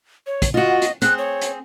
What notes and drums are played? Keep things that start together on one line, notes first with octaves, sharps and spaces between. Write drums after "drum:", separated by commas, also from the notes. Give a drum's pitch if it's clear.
C#5
drum: kick, hi-hat
F4 F#4 D#5
drum: hi-hat
C4 G#4 F#6, drum: hi-hat
C#5
drum: hi-hat